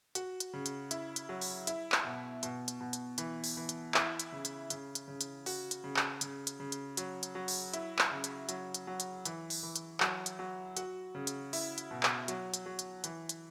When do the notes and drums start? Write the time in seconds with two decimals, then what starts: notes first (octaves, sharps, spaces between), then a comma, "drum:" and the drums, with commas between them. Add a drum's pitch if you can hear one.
0.15 F#4, drum: hi-hat
0.40 drum: hi-hat
0.53 C#3
0.66 drum: hi-hat
0.91 E4, drum: hi-hat
1.16 drum: hi-hat
1.29 F#3
1.41 drum: open hi-hat
1.67 E4, drum: hi-hat
1.92 drum: clap
2.04 B2
2.43 B2, drum: hi-hat
2.68 drum: hi-hat
2.81 B2
2.93 drum: hi-hat
3.18 E3, drum: hi-hat
3.44 drum: open hi-hat
3.57 E3
3.69 drum: hi-hat
3.94 E4, drum: clap
4.20 drum: hi-hat
4.32 C#3
4.45 drum: hi-hat
4.70 C#3, drum: hi-hat
4.95 drum: hi-hat
5.08 C#3
5.21 drum: hi-hat
5.46 F#4, drum: open hi-hat
5.71 drum: hi-hat
5.84 C#3
5.96 drum: clap
6.21 C#3, drum: hi-hat
6.47 drum: hi-hat
6.60 C#3
6.72 drum: hi-hat
6.97 F#3, drum: hi-hat
7.23 drum: hi-hat
7.35 F#3
7.48 drum: open hi-hat
7.74 E4, drum: hi-hat
7.99 drum: clap
8.11 C#3
8.24 drum: hi-hat
8.49 F#3, drum: hi-hat
8.74 drum: hi-hat
8.87 F#3
9.00 drum: hi-hat
9.25 E3, drum: hi-hat
9.50 drum: open hi-hat
9.63 E3
9.76 drum: hi-hat
10.00 F#3, drum: clap
10.26 drum: hi-hat
10.39 F#3
10.77 F#4, drum: hi-hat
11.15 C#3
11.27 drum: hi-hat
11.53 E4, drum: open hi-hat
11.78 drum: hi-hat
11.91 B2
12.03 drum: clap
12.28 F#3, drum: hi-hat
12.54 drum: hi-hat
12.66 F#3
12.79 drum: hi-hat
13.04 E3, drum: hi-hat
13.29 drum: hi-hat